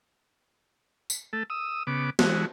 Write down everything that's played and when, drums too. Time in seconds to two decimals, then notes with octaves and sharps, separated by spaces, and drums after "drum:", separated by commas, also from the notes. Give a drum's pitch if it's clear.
1.10 drum: tambourine
1.33 A3 A4
1.50 D#6 E6
1.87 C#3 B3 D6
2.19 E3 G#3 F#4, drum: snare